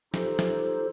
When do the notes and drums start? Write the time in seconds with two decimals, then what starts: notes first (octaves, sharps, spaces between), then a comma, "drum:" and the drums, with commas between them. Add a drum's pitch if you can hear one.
0.14 D#4 F4 G4 A4 C5, drum: snare
0.39 drum: snare